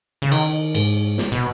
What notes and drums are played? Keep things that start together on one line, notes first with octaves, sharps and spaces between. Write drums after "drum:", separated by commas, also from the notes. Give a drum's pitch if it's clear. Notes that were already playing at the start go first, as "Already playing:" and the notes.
C#3
D#3, drum: cymbal
G#2, drum: cymbal
drum: snare
B2